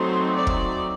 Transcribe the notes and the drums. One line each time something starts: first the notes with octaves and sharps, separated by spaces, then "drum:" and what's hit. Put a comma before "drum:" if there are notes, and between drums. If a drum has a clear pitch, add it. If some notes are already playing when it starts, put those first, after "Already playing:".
Already playing: F#3 A3 C4 D#4 C5
D5
drum: kick